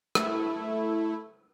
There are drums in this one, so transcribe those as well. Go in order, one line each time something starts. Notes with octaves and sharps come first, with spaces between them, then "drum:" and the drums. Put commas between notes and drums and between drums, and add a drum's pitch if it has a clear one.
A3 E4, drum: rim click